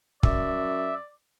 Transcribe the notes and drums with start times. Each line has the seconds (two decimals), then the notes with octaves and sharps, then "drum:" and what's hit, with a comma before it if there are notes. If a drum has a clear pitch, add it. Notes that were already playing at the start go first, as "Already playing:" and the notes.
0.23 F#2 D5 E5, drum: kick